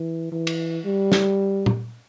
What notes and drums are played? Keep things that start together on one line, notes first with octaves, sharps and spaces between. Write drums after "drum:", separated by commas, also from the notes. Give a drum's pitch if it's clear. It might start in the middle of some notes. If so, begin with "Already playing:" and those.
Already playing: E3
E3
drum: cymbal
G3
drum: snare
drum: tom